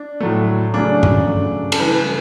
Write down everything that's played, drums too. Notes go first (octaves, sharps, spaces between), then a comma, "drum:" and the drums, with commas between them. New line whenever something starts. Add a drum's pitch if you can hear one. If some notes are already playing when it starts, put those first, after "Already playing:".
Already playing: D4
A2 F#3 A3
C#3 F#3 A3 D4
drum: tom G2
C#3 F#3 A3
A4, drum: cymbal
C#3 E3 G3 B4